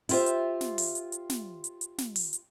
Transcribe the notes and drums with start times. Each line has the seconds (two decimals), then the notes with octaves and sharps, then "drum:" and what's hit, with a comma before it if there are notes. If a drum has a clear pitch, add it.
0.09 E4 F4 G4 C5 E5, drum: open hi-hat
0.26 drum: hi-hat
0.61 drum: snare
0.78 drum: open hi-hat
0.95 drum: hi-hat
1.12 drum: hi-hat
1.30 drum: snare
1.64 drum: hi-hat
1.81 drum: hi-hat
1.98 drum: snare
2.16 drum: open hi-hat
2.33 drum: hi-hat